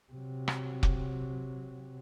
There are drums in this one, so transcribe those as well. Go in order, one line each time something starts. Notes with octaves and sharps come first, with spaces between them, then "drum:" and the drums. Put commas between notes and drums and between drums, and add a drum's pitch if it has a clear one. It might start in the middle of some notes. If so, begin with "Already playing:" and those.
C3 F#3
drum: rim click
drum: kick